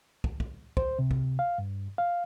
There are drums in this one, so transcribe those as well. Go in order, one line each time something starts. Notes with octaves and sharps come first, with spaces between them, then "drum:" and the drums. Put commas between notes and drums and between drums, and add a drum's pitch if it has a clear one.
drum: kick
drum: kick
C5, drum: kick
C3
drum: kick
F5
G2
F5